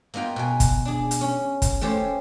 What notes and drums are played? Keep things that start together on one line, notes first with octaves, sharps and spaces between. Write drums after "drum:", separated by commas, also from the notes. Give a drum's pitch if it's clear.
A#3 B3 D#4 F4 G5
B2 B4 G#5
drum: kick, hi-hat
D4 G#4
drum: hi-hat
C#4
drum: kick, hi-hat
A3 C#4 G4 C5 C#5